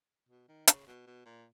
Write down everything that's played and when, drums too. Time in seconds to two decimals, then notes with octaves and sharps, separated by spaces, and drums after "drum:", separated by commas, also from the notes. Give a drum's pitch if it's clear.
0.29 B2
0.48 D#3
0.67 C#3, drum: hi-hat
0.87 B2
1.06 B2
1.25 A#2